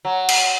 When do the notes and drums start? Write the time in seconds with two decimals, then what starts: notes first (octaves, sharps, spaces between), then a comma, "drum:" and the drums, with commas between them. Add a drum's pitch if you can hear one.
0.05 F#3
0.29 drum: cymbal